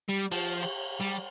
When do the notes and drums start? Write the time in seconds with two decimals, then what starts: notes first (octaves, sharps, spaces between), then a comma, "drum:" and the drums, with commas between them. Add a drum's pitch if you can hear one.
0.09 G3
0.32 F3, drum: cymbal
0.63 drum: cymbal
1.01 G3